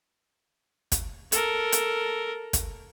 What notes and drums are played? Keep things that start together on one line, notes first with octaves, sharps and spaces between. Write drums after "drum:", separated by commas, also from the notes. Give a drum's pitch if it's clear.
drum: kick, hi-hat
A4 A#4, drum: hi-hat
drum: hi-hat
drum: kick, hi-hat